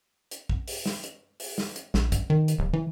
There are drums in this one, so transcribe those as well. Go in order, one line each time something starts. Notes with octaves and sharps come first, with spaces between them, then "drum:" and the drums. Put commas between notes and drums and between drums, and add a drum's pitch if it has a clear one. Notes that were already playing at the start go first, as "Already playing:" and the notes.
drum: hi-hat
drum: kick
drum: open hi-hat
drum: snare
drum: hi-hat
drum: open hi-hat
drum: snare
drum: hi-hat
A#1, drum: snare
drum: kick, hi-hat
D#3
drum: hi-hat
D1
E3